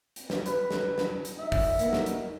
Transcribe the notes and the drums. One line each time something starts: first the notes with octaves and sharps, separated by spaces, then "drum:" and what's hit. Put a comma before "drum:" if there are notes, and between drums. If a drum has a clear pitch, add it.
drum: hi-hat
drum: snare
B4, drum: hi-hat
drum: snare
drum: snare
drum: hi-hat
D#4 E5
drum: kick, open hi-hat
A#3 B3 D#4, drum: hi-hat
drum: snare
drum: hi-hat